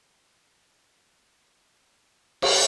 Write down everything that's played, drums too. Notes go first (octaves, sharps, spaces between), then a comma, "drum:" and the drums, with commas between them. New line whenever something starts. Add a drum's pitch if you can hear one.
F#3
A4
drum: cymbal